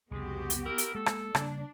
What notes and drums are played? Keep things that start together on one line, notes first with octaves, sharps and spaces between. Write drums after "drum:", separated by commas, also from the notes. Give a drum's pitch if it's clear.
C2 F2 C#3 G#3 B3 F#4 G4
drum: hi-hat
E4 A#4
drum: hi-hat
G#3 A#3 A4
drum: rim click
C#3 G3 A#3 D4, drum: rim click